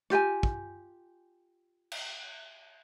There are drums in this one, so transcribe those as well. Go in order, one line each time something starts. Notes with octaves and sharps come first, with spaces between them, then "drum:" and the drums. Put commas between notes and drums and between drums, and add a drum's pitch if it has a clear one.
F4 G4 G5 G#5, drum: rim click
drum: kick
drum: cymbal